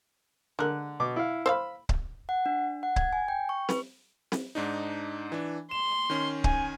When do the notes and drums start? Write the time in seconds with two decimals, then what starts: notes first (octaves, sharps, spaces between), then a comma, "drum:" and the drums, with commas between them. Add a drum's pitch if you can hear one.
0.59 D3 G#3 A#4 F#6
1.00 B2 D6
1.16 E4 F5
1.46 C5 D5 F5 B5 E6
1.89 drum: kick C#1
2.29 F#5
2.46 D4
2.83 F#5
2.96 G#6, drum: kick C#1
3.13 G#5
3.28 G5
3.49 C#6
3.69 B4, drum: snare C4
4.32 drum: snare C4
4.55 G#2 D4 D#4
5.32 E3 D4
5.71 C6 E7
6.10 D#3 C#4
6.44 G#5, drum: kick C#1